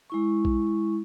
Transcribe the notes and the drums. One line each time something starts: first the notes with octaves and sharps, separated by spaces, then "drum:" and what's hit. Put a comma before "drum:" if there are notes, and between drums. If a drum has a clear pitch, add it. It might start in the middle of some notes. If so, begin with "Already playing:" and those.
G#3 E4 C#6
drum: kick A#1